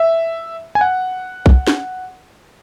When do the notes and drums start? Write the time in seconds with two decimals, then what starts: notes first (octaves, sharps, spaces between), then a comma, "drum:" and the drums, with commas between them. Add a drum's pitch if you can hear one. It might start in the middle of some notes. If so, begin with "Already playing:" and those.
Already playing: E5
0.75 G#5
0.81 F#5
1.46 drum: kick A#1
1.67 drum: snare